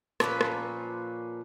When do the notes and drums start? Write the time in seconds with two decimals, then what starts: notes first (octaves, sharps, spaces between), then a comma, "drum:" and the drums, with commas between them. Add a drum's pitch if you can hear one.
0.20 A#2 F3 C#4 B4, drum: rim click
0.41 drum: rim click